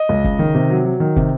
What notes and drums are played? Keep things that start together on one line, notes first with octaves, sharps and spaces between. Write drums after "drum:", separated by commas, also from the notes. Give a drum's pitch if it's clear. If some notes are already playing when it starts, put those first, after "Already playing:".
Already playing: D#5
C#2
C#3, drum: kick
D#3
C3
F#3
F#3
D#3
C3, drum: kick